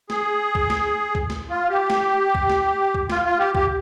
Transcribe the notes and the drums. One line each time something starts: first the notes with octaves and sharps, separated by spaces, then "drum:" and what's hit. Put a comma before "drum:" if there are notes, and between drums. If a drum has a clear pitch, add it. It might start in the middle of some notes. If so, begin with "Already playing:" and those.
G#4, drum: snare
drum: kick C2
drum: snare
drum: kick C2
drum: snare
F4
G4
drum: snare
drum: kick C2
drum: snare
drum: kick C2
F4, drum: snare
F4
G4
G4, drum: kick C2